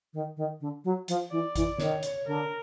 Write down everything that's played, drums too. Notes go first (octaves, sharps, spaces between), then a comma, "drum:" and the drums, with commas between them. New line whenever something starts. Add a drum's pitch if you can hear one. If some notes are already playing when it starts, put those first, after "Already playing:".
D#3
D#3
D3
F#3
F3, drum: hi-hat
E3 D5
E3, drum: kick A1, hi-hat
D#3 C#5, drum: snare
drum: hi-hat
D3 A#4